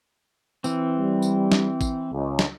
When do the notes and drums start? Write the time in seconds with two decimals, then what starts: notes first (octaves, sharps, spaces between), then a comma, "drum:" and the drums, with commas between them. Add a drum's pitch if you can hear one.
0.64 E3 C4, drum: tambourine
0.99 G3
1.22 drum: tambourine
1.52 drum: snare
1.81 drum: kick, tambourine
2.13 C#2
2.39 drum: snare